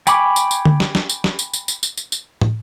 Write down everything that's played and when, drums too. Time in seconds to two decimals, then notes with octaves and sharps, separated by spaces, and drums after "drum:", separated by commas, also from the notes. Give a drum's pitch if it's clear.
0.07 G5 G#5 B5 C#6 D6, drum: tambourine
0.36 drum: tambourine
0.51 drum: tambourine
0.65 drum: tom D3
0.80 drum: snare
0.95 drum: snare
1.09 drum: tambourine
1.24 drum: snare
1.39 drum: tambourine
1.53 drum: tambourine
1.68 drum: tambourine
1.83 drum: tambourine
1.97 drum: tambourine
2.12 drum: tambourine
2.41 drum: tom